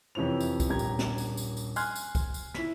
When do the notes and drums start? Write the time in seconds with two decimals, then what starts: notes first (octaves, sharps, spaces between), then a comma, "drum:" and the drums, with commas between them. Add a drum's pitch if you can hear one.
0.15 F2 C3 E3 C#5 F7
0.40 drum: tambourine
0.60 drum: kick, tambourine
0.70 D#1 A#1 G4 A#5 G#6
0.79 drum: tambourine
0.99 drum: snare
1.18 drum: tambourine
1.37 drum: tambourine
1.57 drum: tambourine
1.76 G#5 C6 F6 F#6 G#6, drum: tambourine
1.95 drum: tambourine
2.15 drum: kick, tambourine
2.34 drum: tambourine
2.54 E4 B6, drum: snare